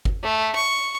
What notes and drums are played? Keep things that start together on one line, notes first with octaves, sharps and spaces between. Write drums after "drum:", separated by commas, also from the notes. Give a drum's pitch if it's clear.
drum: kick G1
A3
C#6